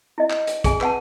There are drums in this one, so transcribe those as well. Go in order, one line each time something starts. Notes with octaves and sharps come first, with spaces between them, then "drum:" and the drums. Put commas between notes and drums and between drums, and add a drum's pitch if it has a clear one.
E4 D#5
drum: clap
drum: hi-hat
G#4 G#5, drum: kick, hi-hat
B4 F#5 A5, drum: clap